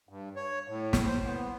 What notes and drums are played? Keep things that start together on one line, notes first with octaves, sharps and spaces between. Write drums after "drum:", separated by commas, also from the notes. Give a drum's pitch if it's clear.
G2
C#5
A2
drum: snare
C5
B3